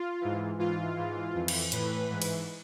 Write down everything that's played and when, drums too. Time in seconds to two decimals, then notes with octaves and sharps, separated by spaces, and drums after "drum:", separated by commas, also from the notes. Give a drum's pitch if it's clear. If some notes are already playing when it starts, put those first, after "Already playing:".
Already playing: F4
0.21 G#2 E3
0.59 G#2 E3 F4
0.96 G#2 E3
1.35 F2 E3
1.48 drum: cymbal
1.72 A2 E3 B4, drum: hi-hat
2.10 G#2 E3
2.22 drum: cymbal